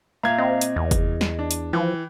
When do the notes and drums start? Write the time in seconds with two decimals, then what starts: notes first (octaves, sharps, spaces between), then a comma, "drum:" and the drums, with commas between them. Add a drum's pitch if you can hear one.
0.23 A#2 E5 F5 A#5 G#6
0.38 C4 D#5
0.61 drum: hi-hat
0.76 E2
0.91 drum: kick F1, hi-hat
1.21 drum: snare
1.39 D4
1.51 drum: hi-hat
1.73 E3 F3 G5